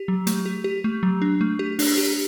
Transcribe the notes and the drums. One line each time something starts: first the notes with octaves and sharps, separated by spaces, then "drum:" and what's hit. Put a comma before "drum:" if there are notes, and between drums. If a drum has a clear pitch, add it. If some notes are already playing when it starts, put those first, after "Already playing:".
Already playing: G4
F#3
A3, drum: hi-hat
G4
G4
A3
F#3
D4
A3
G4
D4, drum: open hi-hat
G4